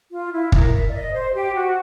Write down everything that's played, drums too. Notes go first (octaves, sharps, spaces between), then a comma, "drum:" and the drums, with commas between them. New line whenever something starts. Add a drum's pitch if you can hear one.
F4
E4
A#4, drum: kick
E5
D5
D#5
C5
G4
F#4